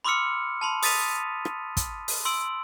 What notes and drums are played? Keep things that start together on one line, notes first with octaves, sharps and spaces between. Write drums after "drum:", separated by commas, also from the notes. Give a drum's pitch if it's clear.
B5 C6 D6 E6 F6 C#7
A5 B5 C6
D#6 A6 B6 D#7 F7, drum: open hi-hat
drum: rim click
drum: kick, hi-hat
drum: open hi-hat
C6 E6 D7 F#7